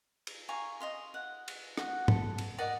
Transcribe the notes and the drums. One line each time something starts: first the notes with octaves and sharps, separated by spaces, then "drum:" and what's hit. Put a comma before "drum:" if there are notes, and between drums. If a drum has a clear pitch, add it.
drum: cymbal
F5 G#5 A#5 C#6
D#5 F5 C6
F#5
drum: cymbal
F#4 F#5, drum: rim click
A4, drum: tom
drum: cymbal
A#4 D5 D#5 F#5